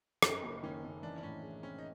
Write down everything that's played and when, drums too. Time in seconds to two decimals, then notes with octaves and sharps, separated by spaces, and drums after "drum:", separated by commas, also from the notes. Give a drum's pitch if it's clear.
0.23 F#2 D#4, drum: rim click
0.43 F#1
0.63 D#3 C#4
0.84 F#1
1.03 E3 D4
1.18 D4
1.23 A2 C#4
1.43 G#3
1.63 C4 C#4
1.78 D#4